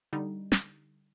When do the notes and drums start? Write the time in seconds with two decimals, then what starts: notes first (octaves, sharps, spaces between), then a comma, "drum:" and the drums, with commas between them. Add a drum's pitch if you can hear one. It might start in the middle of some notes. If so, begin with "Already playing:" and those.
0.13 D3 G3 D#4
0.52 drum: snare